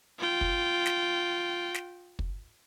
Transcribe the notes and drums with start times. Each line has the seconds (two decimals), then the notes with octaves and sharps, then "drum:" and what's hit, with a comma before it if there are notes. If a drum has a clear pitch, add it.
0.19 F4 G5
0.41 drum: kick
0.86 drum: snare
1.74 drum: snare
2.19 drum: kick